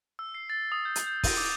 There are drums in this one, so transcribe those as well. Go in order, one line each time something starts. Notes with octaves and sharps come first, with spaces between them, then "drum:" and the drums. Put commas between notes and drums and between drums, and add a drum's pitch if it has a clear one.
E6
C7
A6
D#6
G6
drum: hi-hat
G6
D#7, drum: kick, open hi-hat
D6